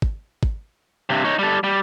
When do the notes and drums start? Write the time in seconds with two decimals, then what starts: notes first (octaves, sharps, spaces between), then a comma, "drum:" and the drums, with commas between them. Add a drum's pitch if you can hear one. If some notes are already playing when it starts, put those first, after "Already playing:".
0.02 drum: kick
0.43 drum: kick
1.10 G2 C3
1.24 D#4 C#5
1.39 G3 A4
1.64 G3